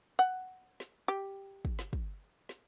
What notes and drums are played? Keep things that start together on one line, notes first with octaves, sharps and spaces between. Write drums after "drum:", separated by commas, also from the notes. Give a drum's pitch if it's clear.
F#5
drum: snare
G4
drum: kick
drum: snare
drum: kick
drum: snare